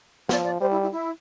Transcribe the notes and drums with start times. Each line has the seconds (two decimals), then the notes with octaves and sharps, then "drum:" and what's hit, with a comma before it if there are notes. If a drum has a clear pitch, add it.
0.29 F3 D5, drum: snare
0.45 D5
0.60 G3 C5
0.71 E4
0.81 E4
0.92 E4